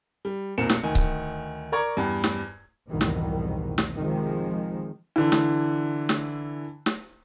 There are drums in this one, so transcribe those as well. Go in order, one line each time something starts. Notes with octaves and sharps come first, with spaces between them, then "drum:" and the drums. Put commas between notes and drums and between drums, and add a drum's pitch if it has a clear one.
G3
B1 E2 A#3 C4 C#7 E7
drum: snare
D2 D#3 G#5
drum: kick C#1
A#4 D5 A#5 C#6 G#6
E2 G2
drum: snare
C2 F2 G#2 B2 D#3 E3
drum: snare
drum: snare
C3 D#3 F3 G#3
D3 E3
drum: snare
drum: snare
drum: snare